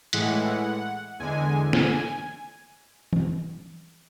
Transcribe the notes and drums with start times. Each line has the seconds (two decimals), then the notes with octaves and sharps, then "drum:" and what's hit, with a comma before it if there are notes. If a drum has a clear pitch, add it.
0.13 A2 E3 G#3 F#5, drum: hi-hat
1.19 E2 D3 G#3 G#5
1.73 G#5, drum: snare
3.13 drum: tom E3